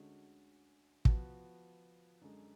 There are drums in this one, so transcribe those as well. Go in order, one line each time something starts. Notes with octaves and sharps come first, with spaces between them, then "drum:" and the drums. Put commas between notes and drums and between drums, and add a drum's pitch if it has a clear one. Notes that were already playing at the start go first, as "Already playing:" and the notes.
Already playing: D2 D3 G#3 C#4 F#4
F3 B3 F#4, drum: kick
F#2 D3 G#3